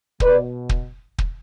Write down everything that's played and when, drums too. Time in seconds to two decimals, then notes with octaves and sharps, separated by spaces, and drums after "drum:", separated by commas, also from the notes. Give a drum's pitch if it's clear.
0.20 B2 B4 D5, drum: kick
0.69 drum: kick
1.18 drum: kick